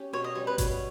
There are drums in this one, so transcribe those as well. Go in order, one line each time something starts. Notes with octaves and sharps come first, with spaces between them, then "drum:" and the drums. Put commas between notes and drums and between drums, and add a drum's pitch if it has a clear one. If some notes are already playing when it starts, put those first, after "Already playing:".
Already playing: C#4 G4
B2 C#5
D#5
G3 C#4 C#5
B4
B2 C#5, drum: kick G1, hi-hat